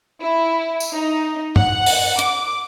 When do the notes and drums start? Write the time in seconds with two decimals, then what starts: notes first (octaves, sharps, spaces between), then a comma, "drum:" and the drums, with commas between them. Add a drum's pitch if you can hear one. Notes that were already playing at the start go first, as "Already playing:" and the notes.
0.22 E4
0.80 drum: tambourine
0.95 D#4
1.56 F#5, drum: tom
1.86 drum: open hi-hat
2.19 D6, drum: hi-hat